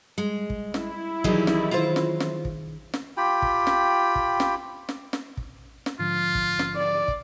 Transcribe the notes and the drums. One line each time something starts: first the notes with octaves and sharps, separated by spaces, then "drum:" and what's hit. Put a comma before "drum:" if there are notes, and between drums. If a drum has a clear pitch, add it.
G3 G#3
drum: kick
E4, drum: snare
D#3 E3 F#3 G3 D#4 G#4, drum: kick
drum: snare
D#3 F4 C5
drum: snare
drum: snare
drum: kick
drum: snare
F4 G4 G5 B5
drum: kick
drum: snare
drum: kick
drum: snare
drum: snare
drum: snare
drum: kick
drum: snare
G#2 D3 F3 F4
drum: kick
drum: snare
D5
drum: kick